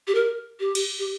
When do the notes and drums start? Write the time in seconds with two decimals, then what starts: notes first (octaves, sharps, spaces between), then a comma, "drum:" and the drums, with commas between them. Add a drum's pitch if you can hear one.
0.07 G4
0.15 A#4
0.60 G4
0.75 drum: cymbal
0.99 G4